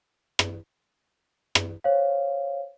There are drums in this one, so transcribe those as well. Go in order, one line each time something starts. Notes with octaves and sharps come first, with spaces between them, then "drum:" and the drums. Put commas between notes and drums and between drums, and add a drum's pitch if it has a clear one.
drum: rim click
drum: rim click
C5 C#5 F5